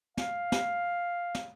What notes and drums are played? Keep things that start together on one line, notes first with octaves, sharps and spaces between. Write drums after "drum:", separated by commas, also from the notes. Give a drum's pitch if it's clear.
F5, drum: snare
drum: snare
drum: snare